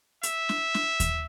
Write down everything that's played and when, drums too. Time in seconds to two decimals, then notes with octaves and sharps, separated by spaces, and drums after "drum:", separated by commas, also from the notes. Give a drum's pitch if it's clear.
0.23 E5, drum: hi-hat
0.49 drum: snare
0.74 drum: snare
1.00 drum: kick D#2, hi-hat